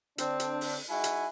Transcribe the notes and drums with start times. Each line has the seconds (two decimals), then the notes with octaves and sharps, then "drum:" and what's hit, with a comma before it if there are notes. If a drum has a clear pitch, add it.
0.18 D3 C4 D4, drum: hi-hat
0.40 drum: hi-hat
0.61 drum: open hi-hat
0.89 G#3 D#4 E4 F#4 E5 G#5
1.04 drum: hi-hat